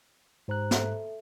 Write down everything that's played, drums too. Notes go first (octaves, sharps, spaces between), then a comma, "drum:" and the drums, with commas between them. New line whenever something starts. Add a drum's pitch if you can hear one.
G#2 G4 C5 A#5 F#6
A4 E5, drum: snare